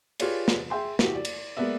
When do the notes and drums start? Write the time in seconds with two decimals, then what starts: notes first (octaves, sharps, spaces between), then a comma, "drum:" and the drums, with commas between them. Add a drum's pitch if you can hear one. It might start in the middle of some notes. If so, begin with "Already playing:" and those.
0.20 F4 G4 G#4 B4 C#5 D5, drum: cymbal
0.48 drum: snare
0.70 G#4 E5 G5 C6
0.99 E4 F#4 G4, drum: snare
1.15 D5
1.25 drum: cymbal
1.57 G#3 A#3 B3 B4 D5 E5